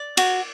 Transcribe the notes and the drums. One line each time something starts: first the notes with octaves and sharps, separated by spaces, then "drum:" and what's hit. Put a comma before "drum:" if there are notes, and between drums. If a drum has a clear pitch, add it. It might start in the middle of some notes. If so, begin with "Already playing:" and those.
Already playing: D5
F#4, drum: cymbal